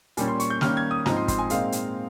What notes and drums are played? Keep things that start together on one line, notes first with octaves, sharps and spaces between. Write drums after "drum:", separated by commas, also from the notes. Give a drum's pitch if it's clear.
A#2 G3 C#4 G#5, drum: hi-hat
C6
C#6, drum: hi-hat
G6
D#3 G3 A#3 C#4 F6, drum: snare
G#6
D#6
G#2 F3 C4 D#4 A#5, drum: snare
C6
C6, drum: kick, hi-hat
G#5
A#2 G#3 C4 D#4 F5, drum: hi-hat
drum: hi-hat